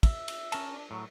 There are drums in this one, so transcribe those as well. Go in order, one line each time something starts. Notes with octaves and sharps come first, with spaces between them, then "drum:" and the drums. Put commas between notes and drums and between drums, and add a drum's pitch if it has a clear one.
E5, drum: kick, cymbal
drum: cymbal
C#4 A#4 A5, drum: cymbal
D4
A2 F#3